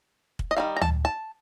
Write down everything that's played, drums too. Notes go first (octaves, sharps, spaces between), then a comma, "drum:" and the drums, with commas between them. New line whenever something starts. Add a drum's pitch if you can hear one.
drum: kick
D#5
D#3 G3 D4 F5
A#5
A5, drum: tom D2
A5